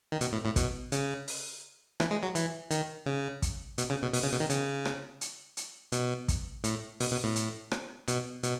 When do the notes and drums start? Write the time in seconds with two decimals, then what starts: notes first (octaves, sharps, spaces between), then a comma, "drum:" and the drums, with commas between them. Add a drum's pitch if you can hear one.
0.12 D#3
0.21 B2, drum: hi-hat
0.32 A2
0.45 A2
0.56 B2, drum: kick, hi-hat
0.92 C#3, drum: hi-hat
1.28 drum: open hi-hat
2.00 E3, drum: rim click
2.11 G#3
2.23 F#3
2.35 E3, drum: hi-hat
2.71 D#3, drum: hi-hat
3.06 C#3
3.42 drum: kick, hi-hat
3.78 B2, drum: hi-hat
3.90 C#3
4.02 B2
4.14 B2, drum: open hi-hat
4.23 C#3
4.32 B2
4.40 D#3
4.50 C#3, drum: hi-hat
4.85 drum: rim click
5.21 drum: hi-hat
5.57 drum: hi-hat
5.92 B2, drum: hi-hat
6.28 drum: kick, hi-hat
6.64 A2, drum: hi-hat
7.00 B2, drum: open hi-hat
7.12 B2
7.24 A2
7.36 drum: hi-hat
7.71 drum: rim click
8.08 B2, drum: hi-hat
8.43 B2, drum: hi-hat